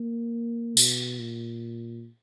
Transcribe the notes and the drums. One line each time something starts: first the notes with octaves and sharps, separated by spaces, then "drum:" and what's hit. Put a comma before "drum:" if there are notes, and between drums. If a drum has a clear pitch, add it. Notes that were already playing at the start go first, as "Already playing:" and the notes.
Already playing: A#3
B2, drum: tambourine
A#2